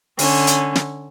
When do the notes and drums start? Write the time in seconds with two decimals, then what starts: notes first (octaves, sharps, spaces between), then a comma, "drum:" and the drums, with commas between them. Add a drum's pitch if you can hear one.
0.19 D3 C#4, drum: open hi-hat
0.47 drum: hi-hat
0.75 drum: snare